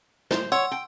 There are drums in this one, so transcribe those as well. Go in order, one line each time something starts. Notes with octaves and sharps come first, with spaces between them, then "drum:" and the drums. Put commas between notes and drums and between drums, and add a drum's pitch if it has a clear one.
C5, drum: snare
C#5 F#5 C6 E6
G5